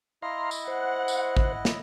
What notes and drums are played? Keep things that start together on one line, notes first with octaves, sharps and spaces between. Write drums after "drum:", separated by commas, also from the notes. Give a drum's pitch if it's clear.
E4 D#5 F5 A#5 C6
drum: tambourine
C5 F#5
drum: tambourine
drum: kick A1
drum: snare